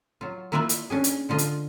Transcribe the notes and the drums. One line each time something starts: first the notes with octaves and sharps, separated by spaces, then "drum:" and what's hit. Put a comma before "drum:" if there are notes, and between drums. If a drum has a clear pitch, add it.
F#3 F4
A#3 E4 F4 B4 D5 E5
drum: hi-hat
C#4 D4 G#4
drum: hi-hat
D3 F3 F4 D#5
drum: hi-hat